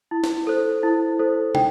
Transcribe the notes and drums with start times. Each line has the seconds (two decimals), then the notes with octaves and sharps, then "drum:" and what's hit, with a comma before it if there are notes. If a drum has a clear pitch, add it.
0.11 E4
0.24 drum: snare
0.47 A4 C5
0.83 E4
1.19 A4 C5
1.55 D#4 G5, drum: tom